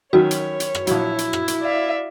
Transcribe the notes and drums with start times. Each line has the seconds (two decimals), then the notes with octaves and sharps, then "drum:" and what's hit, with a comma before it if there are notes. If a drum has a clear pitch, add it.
0.13 D#3 F#3 C#4 F#4 C#5
0.31 drum: hi-hat
0.60 drum: hi-hat
0.75 drum: rim click
0.87 A#1 F#3 E4, drum: hi-hat
1.18 drum: hi-hat
1.33 drum: rim click
1.48 drum: hi-hat
1.62 D5 E5 F5